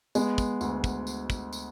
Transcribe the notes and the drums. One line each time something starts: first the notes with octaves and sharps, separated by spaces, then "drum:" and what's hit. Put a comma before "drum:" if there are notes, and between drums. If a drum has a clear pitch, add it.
G#3 B3, drum: tambourine
drum: kick, tambourine
D2, drum: tambourine
drum: kick, tambourine
drum: tambourine
drum: kick, tambourine
drum: tambourine